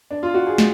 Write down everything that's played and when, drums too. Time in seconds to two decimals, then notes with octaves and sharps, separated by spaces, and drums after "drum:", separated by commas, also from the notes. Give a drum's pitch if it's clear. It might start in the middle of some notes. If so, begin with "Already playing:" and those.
0.11 D4
0.23 F4
0.34 F#4
0.47 G#4
0.58 drum: snare